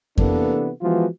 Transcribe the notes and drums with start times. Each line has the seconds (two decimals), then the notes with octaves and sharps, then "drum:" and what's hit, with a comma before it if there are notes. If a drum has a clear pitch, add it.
0.18 C3 E3 A#3 B3 D4 A4, drum: kick F2
0.81 E3 F3 G#3 B3 F4 F#4